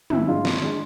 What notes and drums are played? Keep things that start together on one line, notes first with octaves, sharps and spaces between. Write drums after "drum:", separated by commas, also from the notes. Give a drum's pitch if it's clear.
G#1 E4, drum: tom
G#2 G#3 D4 F4
G#1, drum: snare
G#3 D4